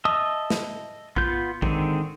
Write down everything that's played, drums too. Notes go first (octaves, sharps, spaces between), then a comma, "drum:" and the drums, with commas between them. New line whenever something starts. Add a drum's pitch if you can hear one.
D#5 E5 A5 D#6 E6
drum: snare
B3 F4 G6, drum: kick A#1
D3 D#3 G#3 C4, drum: kick A#1